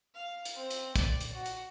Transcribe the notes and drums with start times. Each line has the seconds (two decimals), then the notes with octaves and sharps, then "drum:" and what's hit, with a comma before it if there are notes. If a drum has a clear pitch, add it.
0.14 F5
0.45 drum: hi-hat
0.57 C4
0.70 drum: hi-hat
0.96 D5, drum: kick, hi-hat
1.21 drum: hi-hat
1.33 F#4
1.46 drum: hi-hat